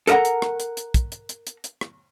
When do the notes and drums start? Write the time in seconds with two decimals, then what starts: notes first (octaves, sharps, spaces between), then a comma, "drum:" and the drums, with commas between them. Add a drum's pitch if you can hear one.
0.07 A4 A#4 D#5 F#5 A#5, drum: hi-hat
0.25 drum: hi-hat
0.42 drum: rim click
0.60 drum: hi-hat
0.77 drum: hi-hat
0.94 drum: kick, hi-hat
1.12 drum: hi-hat
1.29 drum: hi-hat
1.47 drum: hi-hat
1.64 drum: hi-hat
1.81 drum: rim click